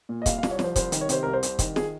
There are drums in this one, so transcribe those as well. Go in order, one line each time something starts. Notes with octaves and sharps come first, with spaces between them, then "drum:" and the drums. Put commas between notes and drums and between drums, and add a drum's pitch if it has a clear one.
A#2
D#5
C2 F5, drum: kick, hi-hat
F5
C2, drum: snare
C#5
F3, drum: snare
C5
C2 C5, drum: kick, hi-hat
D#3, drum: hi-hat
C#5
C3 C5, drum: hi-hat
C2 A#4
C5
C2, drum: hi-hat
D#3, drum: kick, hi-hat
G#4, drum: snare